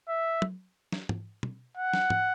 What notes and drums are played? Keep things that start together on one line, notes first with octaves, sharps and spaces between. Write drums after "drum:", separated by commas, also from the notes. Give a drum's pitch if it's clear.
E5
drum: tom
drum: snare
drum: tom
drum: tom
F#5
drum: snare
drum: tom